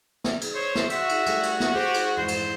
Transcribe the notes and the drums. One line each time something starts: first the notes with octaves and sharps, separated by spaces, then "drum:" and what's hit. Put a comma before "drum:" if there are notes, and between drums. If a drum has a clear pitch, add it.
drum: snare
drum: cymbal
C5 C#5
drum: snare
F#4 E5, drum: cymbal
drum: cymbal
G3 A3, drum: cymbal
drum: cymbal
drum: snare
G4 G#4 C5
drum: cymbal
F2 G#2 E3 C5
drum: cymbal